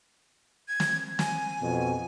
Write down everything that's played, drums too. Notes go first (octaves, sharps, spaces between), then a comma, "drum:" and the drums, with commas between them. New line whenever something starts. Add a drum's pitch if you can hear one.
G#6
drum: snare
G#5, drum: snare
F2 B2